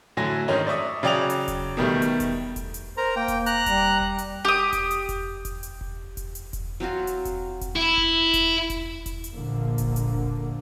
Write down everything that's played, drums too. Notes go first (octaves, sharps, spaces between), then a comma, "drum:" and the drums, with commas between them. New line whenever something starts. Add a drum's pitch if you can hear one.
A2 D3 F#3 G#5 A#6
G#2 D#3 C#4 D#4
D5 E5 C#6 D#6
C#3 F#3 D5 G5 D#6 F7
drum: hi-hat
drum: kick E1, hi-hat
B2 D#3 G3 A3
drum: hi-hat
drum: kick E1, hi-hat
drum: kick E1, hi-hat
drum: hi-hat
A#4 C5 A#5
A#3 G5
drum: kick E1, hi-hat
A#5 F#6, drum: hi-hat
G3, drum: kick E1, hi-hat
drum: kick E1
drum: hi-hat
G4 D#6
drum: kick E1, hi-hat
drum: hi-hat
drum: kick E1, hi-hat
drum: kick E1, hi-hat
drum: hi-hat
drum: kick E1
drum: kick E1, hi-hat
drum: hi-hat
drum: kick E1, hi-hat
F#3 C4 F4 F#4
drum: hi-hat
drum: kick E1, hi-hat
drum: kick E1, hi-hat
E4
drum: kick E1
drum: kick E1, hi-hat
drum: kick E1, hi-hat
drum: kick E1, hi-hat
drum: hi-hat
A#1 D3 F3 A#3
drum: kick E1, hi-hat
drum: hi-hat
drum: kick E1